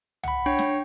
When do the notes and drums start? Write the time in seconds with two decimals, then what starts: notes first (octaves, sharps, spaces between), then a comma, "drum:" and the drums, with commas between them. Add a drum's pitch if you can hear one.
0.24 F#5 B5, drum: tom
0.46 D4 C#5 G5
0.59 drum: snare